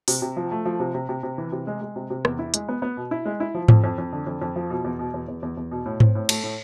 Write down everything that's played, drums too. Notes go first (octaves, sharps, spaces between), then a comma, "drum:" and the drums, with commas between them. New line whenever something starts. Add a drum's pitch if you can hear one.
C3, drum: open hi-hat
C3
F3
A3
F3
C3
C3
C3
C3
E3
C3
G#3
G#3
C3
C3
E2, drum: rim click
E4
G#3, drum: hi-hat
B3
B3
B2
E4
G#3
E4
F3
F2, drum: tom G#2
F2
F2
D3
F2
F2
F3
B2
E2
B2
E2
E2
E2
E2
B2
A2
C4, drum: tom G#2
A2
A3, drum: cymbal
A2